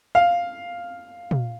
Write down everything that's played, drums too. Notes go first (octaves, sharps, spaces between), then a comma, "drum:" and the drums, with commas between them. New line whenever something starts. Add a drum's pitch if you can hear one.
F5
drum: tom